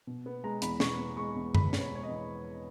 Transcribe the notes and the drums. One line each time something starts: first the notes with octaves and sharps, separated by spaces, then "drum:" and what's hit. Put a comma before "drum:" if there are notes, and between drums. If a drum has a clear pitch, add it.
B2
B3
G#3 A#5
E2 B5, drum: hi-hat
B2 C#6, drum: snare
B3
G#3 C#6
E2
B2 B5, drum: tom F#2
B3, drum: snare
C#5
G#3 C#5
D#5
E2